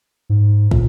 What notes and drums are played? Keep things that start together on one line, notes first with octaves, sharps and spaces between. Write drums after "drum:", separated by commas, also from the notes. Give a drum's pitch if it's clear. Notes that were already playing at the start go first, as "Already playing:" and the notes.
G#2
A#2, drum: kick